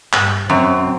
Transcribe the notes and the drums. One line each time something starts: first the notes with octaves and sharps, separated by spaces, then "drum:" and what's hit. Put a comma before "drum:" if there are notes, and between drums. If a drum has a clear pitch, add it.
G2, drum: clap
F#2 C4